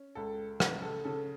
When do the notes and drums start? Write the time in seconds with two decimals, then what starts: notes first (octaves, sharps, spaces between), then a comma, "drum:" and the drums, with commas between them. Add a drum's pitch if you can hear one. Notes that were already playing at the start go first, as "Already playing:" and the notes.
Already playing: C#4
0.15 C#2 A4
0.60 C#3 B4, drum: rim click
0.82 A4
1.05 C#3 A4